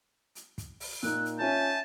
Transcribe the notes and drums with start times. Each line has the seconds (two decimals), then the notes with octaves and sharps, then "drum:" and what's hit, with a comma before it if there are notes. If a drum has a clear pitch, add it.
0.35 drum: hi-hat
0.58 drum: kick, hi-hat
0.80 drum: open hi-hat
1.03 A#2 A#3 D#4 E6 F#6, drum: hi-hat
1.25 drum: hi-hat
1.40 C#4 F4 C#5 E5 G#5 A5 G6